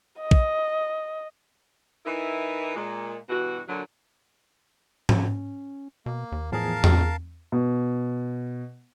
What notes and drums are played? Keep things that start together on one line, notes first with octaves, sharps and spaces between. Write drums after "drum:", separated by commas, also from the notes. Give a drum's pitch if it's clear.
D#5
drum: kick
E3 D#4 E4 A#4 E5
A#2 G#3
G2 B2 E3 F#4
A#2 D3 F#3
C#4, drum: tom
B2 A#3
D#2
E2 A2 F3 G#4 A#4 F5 A5
drum: tom E2
B2